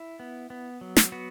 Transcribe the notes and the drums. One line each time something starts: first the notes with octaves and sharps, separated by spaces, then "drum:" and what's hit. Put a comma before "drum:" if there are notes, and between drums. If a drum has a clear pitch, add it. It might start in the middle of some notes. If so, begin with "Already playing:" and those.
Already playing: E4
B3
B3
F#3
drum: snare
B3 F#4